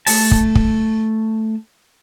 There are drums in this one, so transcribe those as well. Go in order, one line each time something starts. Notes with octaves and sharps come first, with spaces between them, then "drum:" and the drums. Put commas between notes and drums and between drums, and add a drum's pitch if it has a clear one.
A3 A5, drum: open hi-hat
drum: kick
drum: kick